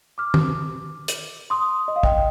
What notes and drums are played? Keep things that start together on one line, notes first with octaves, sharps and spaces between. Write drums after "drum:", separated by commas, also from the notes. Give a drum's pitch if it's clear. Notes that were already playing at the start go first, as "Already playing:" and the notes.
D6 F6
drum: tom
drum: hi-hat
C6 D#6
D#5
F5
D#5 G5, drum: kick